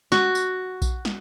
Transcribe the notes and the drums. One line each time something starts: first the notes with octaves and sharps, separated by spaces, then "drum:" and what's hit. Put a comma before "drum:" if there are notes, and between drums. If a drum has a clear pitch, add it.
F#4, drum: snare
drum: tambourine
drum: kick A#1, tambourine
drum: snare